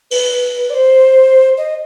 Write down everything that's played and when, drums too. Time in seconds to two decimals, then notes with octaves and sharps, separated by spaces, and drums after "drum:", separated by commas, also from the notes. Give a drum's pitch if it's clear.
0.11 B4, drum: open hi-hat
0.70 D5
0.74 C5
1.58 D#5